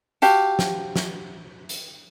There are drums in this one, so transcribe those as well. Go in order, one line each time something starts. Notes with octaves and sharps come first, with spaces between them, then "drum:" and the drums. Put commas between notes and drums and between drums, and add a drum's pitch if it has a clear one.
F#4 G4 F5 A5, drum: hi-hat
drum: snare
drum: snare
drum: hi-hat